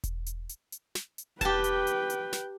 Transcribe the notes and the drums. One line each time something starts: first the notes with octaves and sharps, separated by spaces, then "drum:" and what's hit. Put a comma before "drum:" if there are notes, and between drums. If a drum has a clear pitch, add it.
drum: kick E1, hi-hat
drum: hi-hat
drum: hi-hat
drum: hi-hat
drum: snare
drum: hi-hat
G4 B4 G5 A5, drum: kick E1, hi-hat
drum: hi-hat
drum: hi-hat
drum: hi-hat
drum: snare